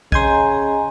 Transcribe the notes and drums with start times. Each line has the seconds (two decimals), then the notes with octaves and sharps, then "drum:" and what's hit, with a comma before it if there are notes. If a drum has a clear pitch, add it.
0.12 C#3 D#5 G#5 A#5 C6 G6 G#6, drum: kick